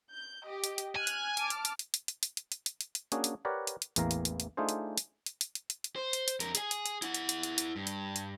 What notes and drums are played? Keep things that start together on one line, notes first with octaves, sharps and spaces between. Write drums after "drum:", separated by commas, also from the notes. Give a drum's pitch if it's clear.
G6
G4 D#5
drum: hi-hat
drum: hi-hat
G#5 F6 F#6
drum: hi-hat
A5 D6 F6, drum: hi-hat
drum: hi-hat
drum: hi-hat
drum: hi-hat
drum: hi-hat
drum: hi-hat
drum: hi-hat
drum: hi-hat
drum: hi-hat
drum: hi-hat
drum: hi-hat
drum: hi-hat
A#3 C#4 D4 F#4 G#4, drum: hi-hat
drum: hi-hat
G4 A#4 B4 C#5 D5 F#5
drum: hi-hat
drum: hi-hat
A1 E2 E3 A#3 F5 A#5, drum: hi-hat
drum: hi-hat
drum: hi-hat
drum: hi-hat
A3 D4 D#4 F4 G#4 C5
drum: hi-hat
drum: hi-hat
drum: hi-hat
drum: hi-hat
drum: hi-hat
drum: hi-hat
drum: hi-hat
C5
drum: hi-hat
drum: hi-hat
F2 A#4, drum: hi-hat
G#4 G#5, drum: hi-hat
drum: hi-hat
drum: hi-hat
E4 F#5, drum: hi-hat
drum: hi-hat
drum: hi-hat
drum: hi-hat
drum: hi-hat
G2
drum: hi-hat
drum: hi-hat